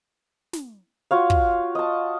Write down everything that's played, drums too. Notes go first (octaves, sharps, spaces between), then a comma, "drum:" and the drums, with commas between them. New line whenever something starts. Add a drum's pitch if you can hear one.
drum: snare
F4 F#4 C#5 F5
drum: kick
D#5 A5